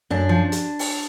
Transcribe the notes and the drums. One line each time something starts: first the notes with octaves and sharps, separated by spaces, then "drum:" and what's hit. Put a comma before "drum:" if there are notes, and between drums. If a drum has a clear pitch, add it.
F#2 D4
F3
drum: hi-hat
drum: open hi-hat